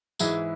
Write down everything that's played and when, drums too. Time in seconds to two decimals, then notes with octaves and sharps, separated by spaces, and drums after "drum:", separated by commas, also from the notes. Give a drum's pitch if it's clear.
0.20 G#2 E3 G#3 E4 G#4, drum: tambourine